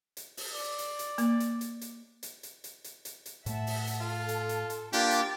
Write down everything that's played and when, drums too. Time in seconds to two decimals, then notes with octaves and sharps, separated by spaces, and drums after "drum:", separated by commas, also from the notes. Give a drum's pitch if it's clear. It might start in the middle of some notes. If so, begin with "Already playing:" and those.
0.17 drum: hi-hat
0.37 drum: open hi-hat
0.54 D5
0.78 drum: hi-hat
0.99 drum: hi-hat
1.18 A#3, drum: hi-hat
1.40 drum: hi-hat
1.61 drum: hi-hat
1.81 drum: hi-hat
2.23 drum: hi-hat
2.43 drum: hi-hat
2.64 drum: hi-hat
2.84 drum: hi-hat
3.05 drum: hi-hat
3.26 drum: hi-hat
3.46 A2 A3 E5 F#5 A5, drum: hi-hat
3.67 drum: open hi-hat
3.87 drum: hi-hat
4.01 F4 A4
4.29 drum: hi-hat
4.49 drum: hi-hat
4.70 drum: hi-hat
4.93 A#3 D4 F4 G4 G5 D6 A6, drum: hi-hat
5.11 drum: hi-hat